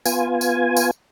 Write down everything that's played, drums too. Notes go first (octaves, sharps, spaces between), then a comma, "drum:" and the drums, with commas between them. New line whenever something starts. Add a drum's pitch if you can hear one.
B3 F4 G#5, drum: tambourine
drum: tambourine
drum: tambourine